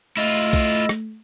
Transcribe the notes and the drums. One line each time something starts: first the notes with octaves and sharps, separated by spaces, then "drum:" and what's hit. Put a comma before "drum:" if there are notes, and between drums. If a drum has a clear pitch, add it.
A3 E4 F4 D#5 E6, drum: hi-hat
drum: kick B1, hi-hat
drum: rim click